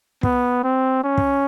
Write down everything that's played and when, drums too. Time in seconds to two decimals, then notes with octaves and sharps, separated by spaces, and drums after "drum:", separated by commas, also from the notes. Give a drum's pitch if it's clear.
0.23 B3, drum: kick
0.64 C4
1.04 C#4
1.18 drum: kick